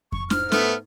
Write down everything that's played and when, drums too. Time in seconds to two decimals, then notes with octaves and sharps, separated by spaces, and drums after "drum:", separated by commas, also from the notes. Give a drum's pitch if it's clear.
0.12 C#6, drum: kick F2
0.30 G#2 F6, drum: snare
0.52 A3 B3, drum: snare